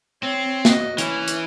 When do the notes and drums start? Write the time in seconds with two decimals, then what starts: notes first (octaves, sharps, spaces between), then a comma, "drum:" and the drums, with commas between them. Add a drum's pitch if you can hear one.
0.23 C4 C#5
0.65 F#4 D#5, drum: snare
0.98 E3 C#4, drum: hi-hat
1.28 drum: hi-hat